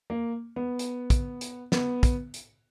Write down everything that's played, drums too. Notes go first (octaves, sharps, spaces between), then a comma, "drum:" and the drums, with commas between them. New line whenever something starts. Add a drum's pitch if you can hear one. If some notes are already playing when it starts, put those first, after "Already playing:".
A#3
B3
drum: hi-hat
drum: kick, hi-hat
drum: hi-hat
B3, drum: snare
drum: kick, hi-hat
drum: hi-hat